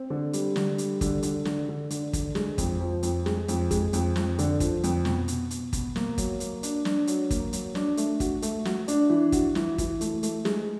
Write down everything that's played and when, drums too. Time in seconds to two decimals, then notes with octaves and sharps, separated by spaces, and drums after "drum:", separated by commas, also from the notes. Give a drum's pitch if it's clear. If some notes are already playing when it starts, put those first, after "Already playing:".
Already playing: C4
0.10 D3
0.33 G3, drum: hi-hat
0.56 D3, drum: snare
0.78 G3, drum: hi-hat
1.01 D3, drum: kick, hi-hat
1.23 D3, drum: hi-hat
1.45 D3, drum: snare
1.69 D3
1.90 D3, drum: hi-hat
2.13 D3, drum: kick, hi-hat
2.35 G#3, drum: snare
2.58 F2, drum: kick, hi-hat
2.80 F3
3.03 F2, drum: hi-hat
3.26 G#3, drum: snare
3.48 F2, drum: hi-hat
3.71 G#3, drum: kick, hi-hat
3.93 F2, drum: hi-hat
4.16 F2, drum: snare
4.39 D3, drum: hi-hat
4.60 F3, drum: kick, hi-hat
4.83 F2, drum: hi-hat
5.05 B2, drum: snare
5.28 B2, drum: hi-hat
5.51 B2, drum: hi-hat
5.73 B2, drum: kick, hi-hat
5.96 A#3, drum: snare
6.18 F#3, drum: kick, hi-hat
6.40 A#3, drum: hi-hat
6.63 D4, drum: hi-hat
6.85 D4, drum: snare
7.07 F#3, drum: hi-hat
7.31 A#3, drum: kick, hi-hat
7.53 F#3, drum: hi-hat
7.75 D4, drum: snare
7.97 A3, drum: hi-hat
8.20 F#4, drum: kick, hi-hat
8.42 A3, drum: hi-hat
8.65 F#4, drum: snare
8.88 D4, drum: hi-hat
9.10 E3
9.32 F#4, drum: kick, hi-hat
9.55 E3, drum: snare
9.78 E3, drum: kick, hi-hat
10.01 A3, drum: hi-hat
10.23 A3, drum: hi-hat
10.45 G#3, drum: snare